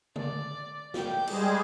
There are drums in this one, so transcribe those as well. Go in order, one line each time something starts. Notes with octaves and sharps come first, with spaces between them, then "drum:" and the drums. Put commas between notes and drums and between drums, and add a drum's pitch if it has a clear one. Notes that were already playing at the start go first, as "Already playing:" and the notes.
D5, drum: tom
G4 G5, drum: snare
G3 G#3 G#4, drum: cymbal